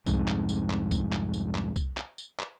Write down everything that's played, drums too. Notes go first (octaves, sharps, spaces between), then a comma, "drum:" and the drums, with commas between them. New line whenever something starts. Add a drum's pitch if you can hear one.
C2 F2 G#2, drum: kick, tambourine
drum: clap
drum: tambourine
drum: clap
drum: kick, tambourine
drum: clap
drum: tambourine
drum: clap
drum: kick, tambourine
drum: clap
drum: tambourine
drum: clap